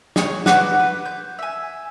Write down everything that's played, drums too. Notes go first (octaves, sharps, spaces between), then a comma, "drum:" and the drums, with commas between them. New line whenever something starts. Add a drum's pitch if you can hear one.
D#4 C#5, drum: snare
F#4 B4 D6, drum: snare
B4
G6
E5 G#5